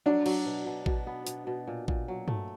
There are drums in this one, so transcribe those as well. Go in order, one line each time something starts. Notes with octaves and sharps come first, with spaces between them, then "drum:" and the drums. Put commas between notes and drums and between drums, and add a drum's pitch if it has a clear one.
F#3 D4
F#3, drum: cymbal
B2
B2
B2, drum: kick A1
B3
B2, drum: hi-hat
B2
A#2
A#2, drum: kick A1
F#3
A3, drum: tom G2